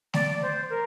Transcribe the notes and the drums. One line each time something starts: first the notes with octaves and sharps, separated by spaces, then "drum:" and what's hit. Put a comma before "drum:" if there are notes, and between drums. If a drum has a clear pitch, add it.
D5, drum: snare A3
C5
A#4